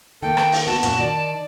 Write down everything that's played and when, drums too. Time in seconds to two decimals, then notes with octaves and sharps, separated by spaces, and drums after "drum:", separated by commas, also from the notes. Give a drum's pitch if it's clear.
0.23 D#3 A#3 A4 G5
0.37 drum: rim click
0.52 drum: open hi-hat
0.67 B3 F#4 A5
0.83 F#2 A#2 C#4 F#4, drum: hi-hat
1.00 D#3 D5